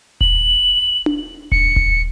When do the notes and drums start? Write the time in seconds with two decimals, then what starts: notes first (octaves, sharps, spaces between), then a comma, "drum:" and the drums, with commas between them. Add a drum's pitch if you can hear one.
0.21 F#7, drum: kick D#1
1.06 drum: tom D4
1.52 C#7, drum: kick D#1
1.76 drum: kick D#1